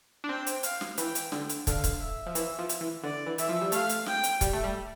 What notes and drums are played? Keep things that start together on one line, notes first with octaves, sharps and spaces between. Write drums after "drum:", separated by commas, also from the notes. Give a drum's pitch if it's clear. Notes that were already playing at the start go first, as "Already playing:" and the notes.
D4
C4 G5
drum: hi-hat
F5, drum: hi-hat
drum: snare
E3 G5, drum: hi-hat
drum: hi-hat
D3, drum: snare
drum: hi-hat
D3 F5, drum: kick, hi-hat
drum: kick, hi-hat
E5
F3
E3, drum: hi-hat
F3
drum: hi-hat
E3
D3 D5
E3
E3 E5, drum: hi-hat
F3
G3
A3 F5, drum: hi-hat
drum: hi-hat
G5, drum: snare
drum: hi-hat
G3, drum: kick, hi-hat
A3
G3